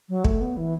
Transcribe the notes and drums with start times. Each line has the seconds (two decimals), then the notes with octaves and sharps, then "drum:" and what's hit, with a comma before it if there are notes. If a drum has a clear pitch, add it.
0.09 F#3
0.24 A3, drum: kick
0.41 B3
0.57 E3